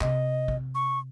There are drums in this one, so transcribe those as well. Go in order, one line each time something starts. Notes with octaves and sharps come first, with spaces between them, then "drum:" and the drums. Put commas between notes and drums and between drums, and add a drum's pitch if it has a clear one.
C3 D#5, drum: clap
drum: kick
C#6